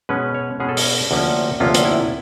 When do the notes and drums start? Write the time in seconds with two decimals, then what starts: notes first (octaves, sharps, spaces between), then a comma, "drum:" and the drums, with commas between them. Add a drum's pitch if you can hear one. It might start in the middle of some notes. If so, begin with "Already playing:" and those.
0.09 B2 G#3 C#4 B4
0.34 C#5
0.60 B2 G#3 C#4 G#4
0.69 A4
0.77 A#4, drum: open hi-hat
1.11 D2 C3 F3 A#3 C#4
1.60 D2 C3 F3 A#3 C#4 F4
1.74 drum: hi-hat
1.85 E4